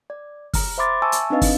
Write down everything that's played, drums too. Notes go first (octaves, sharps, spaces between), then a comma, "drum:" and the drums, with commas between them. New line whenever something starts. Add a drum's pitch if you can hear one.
D5
A#5 F6, drum: kick, open hi-hat
C5 E5 B5 C6 D6 A6
E5 G#5 A5 C#6 E6
drum: hi-hat
C4 D4 D#4 B4 D#5 F5
drum: kick, open hi-hat